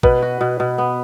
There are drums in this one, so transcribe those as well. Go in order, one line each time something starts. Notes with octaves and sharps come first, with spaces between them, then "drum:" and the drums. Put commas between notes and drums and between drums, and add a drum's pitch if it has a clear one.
B2 B4, drum: kick
F#4
B2
B2
B3